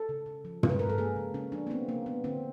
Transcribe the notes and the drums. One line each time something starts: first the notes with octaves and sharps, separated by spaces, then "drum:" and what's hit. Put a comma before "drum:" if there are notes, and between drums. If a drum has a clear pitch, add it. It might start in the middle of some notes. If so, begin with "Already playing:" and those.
Already playing: A4
C#3
C#3
F3
G#3, drum: tom
B4
C#3 A#4
A4
A#3 G#4
C#3
C#3 C#4
F3 D4
B3
A#3 C4
C#3 A#3
A#3 B3
D3 C4